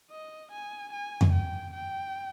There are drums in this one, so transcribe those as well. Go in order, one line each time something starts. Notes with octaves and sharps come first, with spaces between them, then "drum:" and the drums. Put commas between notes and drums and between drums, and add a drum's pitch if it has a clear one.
D#5
G#5
G#5
drum: tom F2
G5
G5